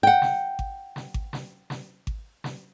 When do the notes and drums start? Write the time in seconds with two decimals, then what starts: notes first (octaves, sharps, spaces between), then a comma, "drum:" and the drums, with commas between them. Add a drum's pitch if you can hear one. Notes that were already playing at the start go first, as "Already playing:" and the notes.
0.03 F#5 G5
0.22 drum: snare
0.59 drum: kick G#1
0.96 drum: snare
1.14 drum: kick G#1
1.33 drum: snare
1.70 drum: snare
2.07 drum: kick G#1
2.44 drum: snare